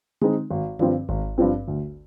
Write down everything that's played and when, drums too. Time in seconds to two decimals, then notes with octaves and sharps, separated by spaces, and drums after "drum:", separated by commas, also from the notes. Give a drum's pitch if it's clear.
0.22 G#3 C4 D#4, drum: tom D3
0.51 G#1
0.79 G2 F3 C4, drum: tom D3
1.09 G#1, drum: kick G#1
1.38 G2 F3 C4
1.68 D2